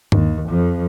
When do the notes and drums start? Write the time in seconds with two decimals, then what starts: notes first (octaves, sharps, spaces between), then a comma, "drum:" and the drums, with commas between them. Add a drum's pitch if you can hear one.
0.12 D#2, drum: tom G2
0.48 F2 F3